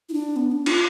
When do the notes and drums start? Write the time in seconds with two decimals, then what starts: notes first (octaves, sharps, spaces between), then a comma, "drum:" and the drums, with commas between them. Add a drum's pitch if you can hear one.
0.09 E4
0.14 D4
0.36 B3
0.52 D4
0.66 F4, drum: cymbal